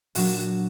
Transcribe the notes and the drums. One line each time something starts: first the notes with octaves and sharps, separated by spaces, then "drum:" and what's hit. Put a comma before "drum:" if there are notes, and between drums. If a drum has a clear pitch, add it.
A#2 F#3 D4 F#4, drum: open hi-hat
F#4